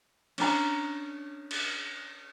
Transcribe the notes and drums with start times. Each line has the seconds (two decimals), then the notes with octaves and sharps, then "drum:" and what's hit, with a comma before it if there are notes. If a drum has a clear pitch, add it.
0.38 C#4 D4 A#5, drum: cymbal
1.51 drum: cymbal